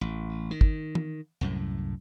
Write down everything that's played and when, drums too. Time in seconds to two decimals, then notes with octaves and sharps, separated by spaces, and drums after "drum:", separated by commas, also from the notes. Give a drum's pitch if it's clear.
0.01 A1
0.51 D#3
0.61 drum: kick
0.95 drum: tom
1.41 C2 F#2 A2